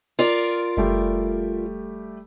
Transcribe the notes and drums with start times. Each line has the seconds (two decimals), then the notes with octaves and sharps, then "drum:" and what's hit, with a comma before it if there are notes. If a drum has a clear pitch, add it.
0.19 F4 A#4 D5
0.77 G3 A3 G4, drum: kick F#1